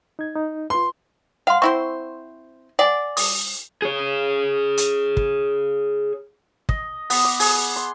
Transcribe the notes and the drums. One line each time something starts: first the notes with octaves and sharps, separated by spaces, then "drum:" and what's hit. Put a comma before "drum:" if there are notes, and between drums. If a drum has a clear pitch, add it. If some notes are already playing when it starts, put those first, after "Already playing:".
D#4 G#6
D#4
F4 B4 C6
F5 F#5 C6
C4 E4 C5 C#6
D5 F#5 G#5
D#6, drum: open hi-hat
G#4 C#5
drum: hi-hat
drum: kick
D#5, drum: kick
B3, drum: open hi-hat
D6
G#4, drum: open hi-hat
C6